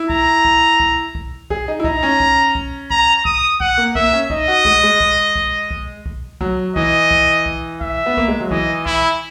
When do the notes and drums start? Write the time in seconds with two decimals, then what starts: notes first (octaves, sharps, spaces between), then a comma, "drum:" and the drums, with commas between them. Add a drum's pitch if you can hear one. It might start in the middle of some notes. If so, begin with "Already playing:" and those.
Already playing: E4
0.10 A#5, drum: kick
0.45 drum: kick
0.80 drum: kick
1.15 drum: kick
1.50 G#4, drum: kick
1.68 D#4
1.80 E4
1.84 D#4 A#5, drum: kick
2.03 C#4
2.20 drum: kick
2.55 drum: kick
2.90 A#5, drum: kick
3.25 D#6, drum: kick
3.60 F#5, drum: kick
3.77 A#3
3.95 A#3 E5, drum: kick
4.13 C#4
4.30 D#4 D#5, drum: kick
4.48 F#4
4.65 G#3, drum: kick
4.83 G#3
5.00 drum: kick
5.36 drum: kick
5.71 drum: kick
6.06 drum: kick
6.41 F#3, drum: kick
6.76 E3 D#5, drum: kick
7.11 drum: kick
7.46 drum: kick
7.81 E5, drum: kick
8.06 B3
8.17 A#3, drum: kick
8.28 G#3
8.40 F#3
8.51 E3 D#5, drum: kick
8.86 E4, drum: kick